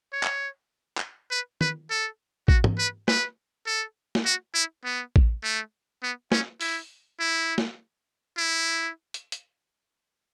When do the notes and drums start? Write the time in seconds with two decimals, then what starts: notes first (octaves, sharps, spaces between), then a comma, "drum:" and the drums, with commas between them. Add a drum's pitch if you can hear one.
0.13 C#5
0.23 drum: clap
0.97 drum: clap
1.31 B4
1.61 B4, drum: tom
1.90 A4
2.48 F#4, drum: kick A1
2.64 drum: tom G#2
2.78 B4
3.08 B4, drum: snare
3.66 A4
4.15 drum: snare
4.25 F#4
4.54 E4
4.84 B3
5.16 drum: kick A1
5.43 A3
6.03 B3
6.32 C#4, drum: snare
6.61 E4, drum: open hi-hat
7.20 E4
7.58 drum: snare
8.37 E4
9.14 drum: hi-hat
9.32 drum: hi-hat